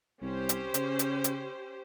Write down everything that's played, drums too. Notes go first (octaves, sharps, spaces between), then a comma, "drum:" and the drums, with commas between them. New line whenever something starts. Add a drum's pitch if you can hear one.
C2 C#4 G4 C5
drum: hi-hat
C#3, drum: hi-hat
drum: hi-hat
drum: hi-hat